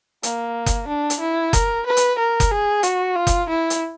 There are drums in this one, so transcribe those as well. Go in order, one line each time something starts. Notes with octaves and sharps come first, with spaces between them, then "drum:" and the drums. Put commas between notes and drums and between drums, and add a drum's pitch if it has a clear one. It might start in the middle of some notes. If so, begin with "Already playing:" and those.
A#3, drum: hi-hat
drum: kick F#1, hi-hat
D4
drum: hi-hat
E4
A#4, drum: kick F#1, hi-hat
B4
drum: hi-hat
A#4
drum: kick F#1, hi-hat
G#4
F#4, drum: hi-hat
F4
drum: kick F#1, hi-hat
E4
drum: hi-hat